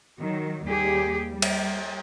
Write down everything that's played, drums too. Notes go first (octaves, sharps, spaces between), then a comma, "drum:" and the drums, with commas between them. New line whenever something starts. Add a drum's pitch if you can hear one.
D#3 F#3
D#2 G3 G4 G#4
G3
drum: cymbal